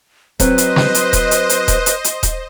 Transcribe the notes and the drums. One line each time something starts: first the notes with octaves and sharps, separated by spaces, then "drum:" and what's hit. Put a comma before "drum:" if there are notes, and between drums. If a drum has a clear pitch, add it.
F#3 C4 B4 C5 D#5, drum: kick D#1, hi-hat
drum: hi-hat
drum: snare
drum: hi-hat
drum: kick D#1, hi-hat
drum: hi-hat
drum: hi-hat
drum: kick D#1, hi-hat
drum: hi-hat
drum: hi-hat
drum: kick D#1, hi-hat